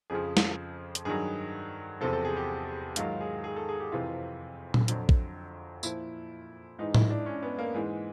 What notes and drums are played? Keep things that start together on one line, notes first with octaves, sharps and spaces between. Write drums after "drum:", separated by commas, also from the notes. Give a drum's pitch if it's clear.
F2 C#3 F3 G#4
drum: snare
drum: hi-hat
G2 D#3 F#3 G#4
E2 C3 F3 A4
A4
G#4
G4
G#2 D#3 F#3 F4, drum: hi-hat
G#4
G#4
A4
G#4
G4
F2 C3 E3 F4
drum: tom A#2
F2 D3 F#3, drum: hi-hat
drum: kick
A#2 F3 E4, drum: tambourine
G#2 E3 D#4
E4, drum: tom A2
D4
C#4
B3
A#3
G#2 E3 G#3